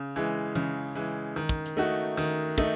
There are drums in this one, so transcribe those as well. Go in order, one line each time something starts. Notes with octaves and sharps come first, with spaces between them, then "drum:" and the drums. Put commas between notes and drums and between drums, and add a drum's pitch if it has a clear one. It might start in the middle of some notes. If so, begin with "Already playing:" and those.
Already playing: C#3
E3 G#3
C#3, drum: tom E3
E3 G#3
D#3
drum: kick
drum: hi-hat
A3 D#4 F#4
D#3, drum: tambourine
A3 D#4, drum: kick